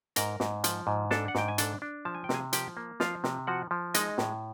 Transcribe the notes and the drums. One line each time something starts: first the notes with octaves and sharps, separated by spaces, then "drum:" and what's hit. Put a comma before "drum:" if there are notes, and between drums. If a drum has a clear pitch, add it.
G#2 A#4 A#5, drum: hi-hat
G#2, drum: snare
F3, drum: hi-hat
G#2
D4 A4 A5, drum: snare
F#5
G#2 G5, drum: snare
G#5
D4 A4 A5, drum: hi-hat
D4
F3 A5
G#5
G5
C3 G#4 G#5, drum: snare
F3 G4 G5, drum: hi-hat
A#3
F3 F4 F5, drum: snare
C3, drum: snare
F3 F#4 F#5
F3
G#3 D#4 D#5, drum: hi-hat
A2, drum: snare